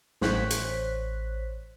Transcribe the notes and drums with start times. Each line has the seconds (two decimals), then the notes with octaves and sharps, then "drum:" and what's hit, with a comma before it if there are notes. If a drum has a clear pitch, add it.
0.22 A1 C5 C#5 F#6 B6, drum: snare
0.51 drum: hi-hat